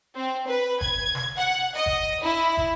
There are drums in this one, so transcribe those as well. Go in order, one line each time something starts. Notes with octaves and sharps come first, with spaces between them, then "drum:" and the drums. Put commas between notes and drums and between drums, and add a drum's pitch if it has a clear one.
C4
B4
G#6, drum: kick
drum: snare
F#5
D#5
drum: kick
E4
drum: kick